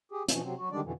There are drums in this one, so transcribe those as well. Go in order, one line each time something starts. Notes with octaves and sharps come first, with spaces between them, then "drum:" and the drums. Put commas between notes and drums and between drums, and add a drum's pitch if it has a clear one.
G4 G#4
B2 E3 F3, drum: hi-hat
C3 F#3 C4
F#3 F#4
D3 D#3 G3 G#3 D4 D5
F2 B2 D3 E3